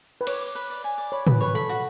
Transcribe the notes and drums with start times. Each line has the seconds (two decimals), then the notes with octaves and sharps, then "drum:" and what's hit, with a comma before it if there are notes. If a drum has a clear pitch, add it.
0.21 B4
0.27 C#5 D6, drum: cymbal
0.41 D6
0.55 B4
0.70 D5
0.84 G#5
0.98 D5
1.12 C#5 B5
1.27 B4 B5, drum: tom
1.41 B4 C#5
1.55 A4 B5
1.69 F#4